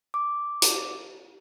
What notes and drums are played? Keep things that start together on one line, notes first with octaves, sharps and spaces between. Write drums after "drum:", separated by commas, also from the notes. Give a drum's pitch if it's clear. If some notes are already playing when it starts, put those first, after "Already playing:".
D6
drum: hi-hat